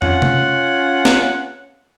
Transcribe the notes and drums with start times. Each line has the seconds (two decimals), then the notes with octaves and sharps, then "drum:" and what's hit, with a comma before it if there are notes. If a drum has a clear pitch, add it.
0.02 C#4 F4 F#5, drum: tom
0.22 drum: tom C3
1.05 drum: snare